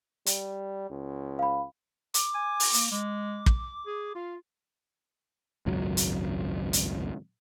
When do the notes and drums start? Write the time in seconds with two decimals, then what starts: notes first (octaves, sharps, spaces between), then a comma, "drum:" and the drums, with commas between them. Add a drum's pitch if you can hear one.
0.26 G3, drum: hi-hat
0.90 C#2
1.39 F5 B5
2.14 D6, drum: hi-hat
2.34 G#5
2.60 drum: open hi-hat
2.74 A#3, drum: hi-hat
2.91 G#3 D6
3.46 drum: kick
3.87 G#4
4.15 F4 F5
5.66 G#1 C#2 F#2 F#3
5.97 drum: hi-hat
6.73 drum: hi-hat